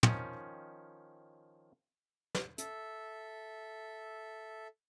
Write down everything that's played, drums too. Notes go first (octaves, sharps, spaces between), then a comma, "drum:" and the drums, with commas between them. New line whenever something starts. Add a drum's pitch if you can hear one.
D#3 F3 C#4, drum: tom
drum: snare
A4 E5, drum: hi-hat